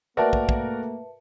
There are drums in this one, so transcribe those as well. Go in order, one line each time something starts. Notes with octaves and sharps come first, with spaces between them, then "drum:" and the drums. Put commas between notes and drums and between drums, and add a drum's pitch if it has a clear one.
A3 A#3 F#4 A#4 B4 D5 E5 A5
drum: kick
drum: kick